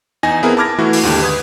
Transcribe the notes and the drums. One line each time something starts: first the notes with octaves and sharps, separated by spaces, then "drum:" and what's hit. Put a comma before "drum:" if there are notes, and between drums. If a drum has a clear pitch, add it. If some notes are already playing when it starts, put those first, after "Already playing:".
E2 D#4 G#5 A#6
B3 C4 E4 G#4 A#4
A5 B5 D6 F6 G#6 A#6
E3 A3 E4 F#4
drum: open hi-hat
D#2 G#2 D3 G4
B4 D#6 G#6